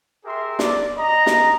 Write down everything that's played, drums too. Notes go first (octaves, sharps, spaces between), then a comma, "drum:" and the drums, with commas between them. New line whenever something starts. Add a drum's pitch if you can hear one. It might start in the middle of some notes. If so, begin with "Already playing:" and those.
G4 G#4 A#4 E5 C6
D5, drum: snare
D#5 A#5
drum: snare